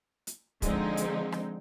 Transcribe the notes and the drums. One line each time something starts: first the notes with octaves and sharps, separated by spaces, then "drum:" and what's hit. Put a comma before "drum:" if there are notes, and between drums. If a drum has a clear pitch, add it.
drum: hi-hat
D3 F3 G#3 C4 D#4, drum: kick, hi-hat
drum: hi-hat
drum: rim click